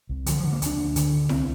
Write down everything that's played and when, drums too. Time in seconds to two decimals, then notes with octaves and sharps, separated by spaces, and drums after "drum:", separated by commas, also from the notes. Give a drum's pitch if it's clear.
0.09 C2
0.26 D3 F3, drum: hi-hat
0.40 F3
0.44 D3
0.53 A#3
0.62 D2 D4, drum: hi-hat
0.78 D2
0.96 D3, drum: hi-hat
1.12 D2
1.29 C2 C4, drum: snare E4